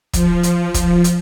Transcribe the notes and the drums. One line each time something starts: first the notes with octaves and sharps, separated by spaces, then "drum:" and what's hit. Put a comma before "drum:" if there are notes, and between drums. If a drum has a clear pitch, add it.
F3, drum: kick, hi-hat
drum: hi-hat
F3, drum: kick, hi-hat
drum: hi-hat